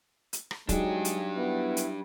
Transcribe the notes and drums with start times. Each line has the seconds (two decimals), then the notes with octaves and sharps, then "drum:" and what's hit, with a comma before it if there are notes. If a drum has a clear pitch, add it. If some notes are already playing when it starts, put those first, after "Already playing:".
0.33 drum: hi-hat
0.51 drum: rim click
0.69 F#3 G#3 D4 D#4 G4 G#4, drum: kick, hi-hat
1.05 drum: hi-hat
1.37 B3 E4
1.77 drum: hi-hat